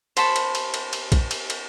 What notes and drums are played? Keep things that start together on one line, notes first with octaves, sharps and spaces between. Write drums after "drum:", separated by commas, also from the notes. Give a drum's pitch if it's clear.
C5 A5 B5 C#6, drum: cymbal
drum: cymbal
drum: cymbal
drum: cymbal
drum: cymbal
drum: kick B1, cymbal
drum: cymbal
drum: cymbal